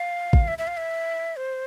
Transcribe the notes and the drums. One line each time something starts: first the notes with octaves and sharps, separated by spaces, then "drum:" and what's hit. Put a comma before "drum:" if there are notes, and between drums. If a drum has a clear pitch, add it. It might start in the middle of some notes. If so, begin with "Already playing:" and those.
Already playing: F5
drum: kick A1
E5
E5
F5
E5
C5